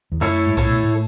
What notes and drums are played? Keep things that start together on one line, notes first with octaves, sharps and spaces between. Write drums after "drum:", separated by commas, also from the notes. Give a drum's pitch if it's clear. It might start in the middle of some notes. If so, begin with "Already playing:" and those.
E2
F#2 A3 E4 A4 C#5, drum: cymbal
G#2
A2 A3 E4 A4 C#5, drum: kick C2, cymbal
B2
A2